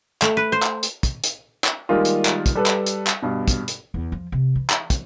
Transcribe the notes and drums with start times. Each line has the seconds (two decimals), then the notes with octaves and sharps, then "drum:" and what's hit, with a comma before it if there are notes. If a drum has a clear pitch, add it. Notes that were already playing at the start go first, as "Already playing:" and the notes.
0.22 A3, drum: clap
0.37 B4
0.52 C5
0.62 drum: clap
0.83 drum: hi-hat
1.03 drum: kick, hi-hat
1.24 drum: hi-hat
1.64 drum: clap
1.89 D#3 G3 G#3 A#3 F4
2.05 drum: hi-hat
2.25 drum: clap
2.46 drum: kick, hi-hat
2.55 G3 A4 B4
2.66 drum: clap
2.86 drum: hi-hat
3.07 drum: clap
3.22 G2 B2
3.48 drum: kick, hi-hat
3.68 drum: hi-hat
3.94 E2
4.12 F3
4.32 C3
4.56 E3
4.70 drum: clap
4.90 drum: kick, hi-hat